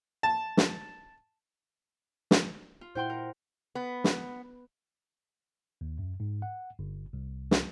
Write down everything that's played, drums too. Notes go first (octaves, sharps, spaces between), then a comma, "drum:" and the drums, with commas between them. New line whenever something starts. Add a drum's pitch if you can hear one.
A5
drum: snare
drum: snare
F4
A#2 E4 C5 F#5 G5 C6
A#4
B3
drum: snare
D#2
F#2
G#2
F#5
G1
C2
drum: snare